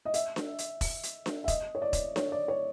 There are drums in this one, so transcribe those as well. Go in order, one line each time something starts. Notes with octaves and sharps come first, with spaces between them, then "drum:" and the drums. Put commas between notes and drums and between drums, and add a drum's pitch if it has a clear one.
D#5
E5, drum: hi-hat
drum: snare D4
drum: hi-hat
drum: kick E1, open hi-hat
drum: hi-hat
drum: snare D4
E5
D#5, drum: kick E1, hi-hat
C#5
D5
drum: kick E1, hi-hat
C#5, drum: snare D4
D5
C#5